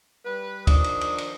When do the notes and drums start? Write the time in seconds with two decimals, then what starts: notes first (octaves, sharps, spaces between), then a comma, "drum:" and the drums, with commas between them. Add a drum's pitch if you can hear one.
0.25 G3 B4
0.67 D#3 F3 D4 D#6, drum: kick, cymbal
0.84 drum: cymbal
1.01 drum: cymbal
1.18 drum: cymbal